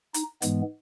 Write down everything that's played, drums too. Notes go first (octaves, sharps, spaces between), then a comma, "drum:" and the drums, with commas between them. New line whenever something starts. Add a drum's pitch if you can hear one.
D#4, drum: hi-hat
G#2 E3 G#3 B3, drum: hi-hat